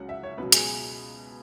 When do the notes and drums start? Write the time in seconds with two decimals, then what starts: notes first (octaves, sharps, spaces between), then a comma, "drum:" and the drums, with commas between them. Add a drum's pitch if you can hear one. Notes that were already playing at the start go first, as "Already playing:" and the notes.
Already playing: C#2 C#3 F#3 C#4 F#5
0.09 E5
0.23 C#5
0.38 C#2 B2 F#3 B4
0.52 G#4, drum: hi-hat